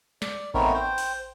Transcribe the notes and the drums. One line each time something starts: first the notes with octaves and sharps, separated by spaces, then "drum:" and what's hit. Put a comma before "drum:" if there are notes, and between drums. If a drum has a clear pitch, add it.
D5, drum: snare
A3 B3 C4 D#4 A#4 C#5, drum: kick A1
C5 G5
drum: open hi-hat